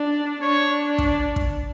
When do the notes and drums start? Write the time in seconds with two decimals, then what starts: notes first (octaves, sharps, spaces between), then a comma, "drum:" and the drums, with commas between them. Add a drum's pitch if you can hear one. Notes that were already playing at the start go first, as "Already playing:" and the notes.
Already playing: D4
0.42 D4 C#5
0.98 drum: kick
1.36 drum: kick